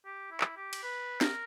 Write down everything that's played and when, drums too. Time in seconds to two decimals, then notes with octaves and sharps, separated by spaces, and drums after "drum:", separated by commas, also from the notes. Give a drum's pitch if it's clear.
0.05 G4
0.31 E4
0.41 drum: clap
0.57 G4
0.73 drum: cymbal
0.83 B4
1.21 A#4, drum: snare